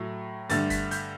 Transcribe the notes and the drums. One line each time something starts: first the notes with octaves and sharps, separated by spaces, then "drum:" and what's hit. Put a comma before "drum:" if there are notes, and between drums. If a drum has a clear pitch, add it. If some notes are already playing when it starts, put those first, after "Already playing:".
Already playing: A2 F#3 A3
G2 D3 A3 A6, drum: hi-hat
B6, drum: kick, hi-hat
G6, drum: hi-hat